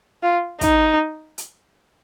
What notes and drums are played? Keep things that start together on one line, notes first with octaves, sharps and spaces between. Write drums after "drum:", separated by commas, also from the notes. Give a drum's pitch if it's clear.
F4
D#4, drum: kick, hi-hat
drum: hi-hat